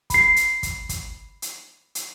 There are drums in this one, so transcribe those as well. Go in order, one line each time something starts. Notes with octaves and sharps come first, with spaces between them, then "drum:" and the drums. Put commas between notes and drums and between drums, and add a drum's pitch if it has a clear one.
B5 C7, drum: kick, hi-hat
drum: hi-hat
drum: kick, hi-hat
drum: kick, hi-hat
drum: hi-hat
drum: hi-hat